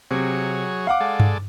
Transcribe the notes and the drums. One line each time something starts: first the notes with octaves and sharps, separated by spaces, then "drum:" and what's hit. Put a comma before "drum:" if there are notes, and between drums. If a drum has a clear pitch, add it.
C3 F#3 G#4 C#5
F5 F#5 D6
G#3 A4 D5
drum: tom G2